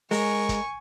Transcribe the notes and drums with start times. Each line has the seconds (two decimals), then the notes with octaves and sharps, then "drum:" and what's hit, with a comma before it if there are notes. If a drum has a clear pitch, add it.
0.11 G#3 A#4 G#5 C#6, drum: open hi-hat
0.49 drum: kick, hi-hat